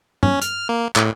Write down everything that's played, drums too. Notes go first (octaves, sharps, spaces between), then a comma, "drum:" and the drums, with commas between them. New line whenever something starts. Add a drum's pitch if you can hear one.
C#4, drum: tom G2
F6, drum: hi-hat
A#3
A2, drum: clap